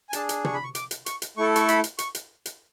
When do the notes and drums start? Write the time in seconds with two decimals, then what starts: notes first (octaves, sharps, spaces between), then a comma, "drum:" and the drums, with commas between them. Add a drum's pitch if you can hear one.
0.09 G#5
0.13 D4 G#4 A5, drum: hi-hat
0.29 drum: hi-hat
0.45 C#6, drum: tom
0.54 B5
0.64 C#6
0.75 D6, drum: hi-hat
0.91 drum: hi-hat
1.06 C#6, drum: hi-hat
1.22 drum: hi-hat
1.37 A3 E4 A4 C#6
1.56 C#6, drum: hi-hat
1.68 B5, drum: hi-hat
1.84 drum: hi-hat
1.99 C#6, drum: hi-hat
2.15 drum: hi-hat
2.46 drum: hi-hat